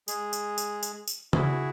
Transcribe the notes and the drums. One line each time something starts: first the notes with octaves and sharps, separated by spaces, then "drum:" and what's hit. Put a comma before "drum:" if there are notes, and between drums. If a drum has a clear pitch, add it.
G#3 G#4, drum: tambourine
drum: tambourine
drum: tambourine
drum: tambourine
drum: tambourine
E4 F#4 G#4, drum: tom C#3